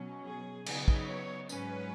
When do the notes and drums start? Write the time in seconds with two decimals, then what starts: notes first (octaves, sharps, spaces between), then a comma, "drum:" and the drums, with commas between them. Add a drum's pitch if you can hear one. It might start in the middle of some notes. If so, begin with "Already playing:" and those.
Already playing: B2 F#3 C#4
0.25 G#4
0.66 C#3 F#3 B3 D#4 G#4, drum: cymbal
0.88 drum: kick
1.08 C#5
1.49 G#2 F#3 C#4 B4, drum: tambourine